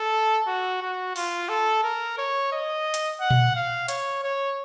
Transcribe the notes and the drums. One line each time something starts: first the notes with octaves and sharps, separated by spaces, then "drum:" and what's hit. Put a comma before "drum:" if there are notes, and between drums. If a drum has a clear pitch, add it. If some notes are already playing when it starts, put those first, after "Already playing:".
Already playing: A4
F#4
F#4
F4, drum: open hi-hat
A4
A#4
C#5
D#5
drum: hi-hat
F#5
drum: tom A#2
F5
C#5, drum: hi-hat
C#5